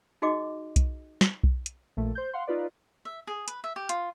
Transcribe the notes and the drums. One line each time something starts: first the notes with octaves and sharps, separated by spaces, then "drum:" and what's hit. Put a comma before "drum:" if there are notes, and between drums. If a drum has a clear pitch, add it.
D#4 F#4 G#4 D#5 D6
drum: kick B1, hi-hat
drum: snare
drum: kick B1
drum: hi-hat
A#1 A#2 A3
C5 G6
F5 F#5 C6
D#4 F4 B4 D5
E5
G#4
B4, drum: hi-hat
E5
G4
F4, drum: hi-hat